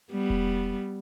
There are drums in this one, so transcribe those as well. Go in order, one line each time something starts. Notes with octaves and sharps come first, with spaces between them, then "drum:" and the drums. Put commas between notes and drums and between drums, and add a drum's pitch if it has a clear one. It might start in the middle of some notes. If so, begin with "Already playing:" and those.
G3 B3
drum: kick E1